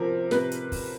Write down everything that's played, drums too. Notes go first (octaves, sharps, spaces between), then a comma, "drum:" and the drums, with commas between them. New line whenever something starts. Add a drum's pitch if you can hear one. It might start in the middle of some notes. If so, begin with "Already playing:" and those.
Already playing: C3 F3 A#4
C3 B4, drum: snare
drum: hi-hat
drum: kick, open hi-hat